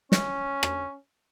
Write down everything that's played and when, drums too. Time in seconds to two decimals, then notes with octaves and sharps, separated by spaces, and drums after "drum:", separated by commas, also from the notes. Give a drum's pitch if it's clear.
0.12 C#4, drum: snare
0.63 drum: rim click